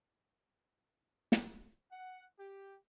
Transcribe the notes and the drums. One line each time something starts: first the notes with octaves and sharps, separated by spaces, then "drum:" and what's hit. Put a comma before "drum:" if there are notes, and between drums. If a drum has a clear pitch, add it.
drum: snare
F#5
G4